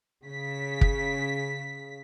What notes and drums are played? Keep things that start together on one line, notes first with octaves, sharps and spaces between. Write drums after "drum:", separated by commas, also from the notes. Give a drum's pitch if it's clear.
C#3 B6
drum: kick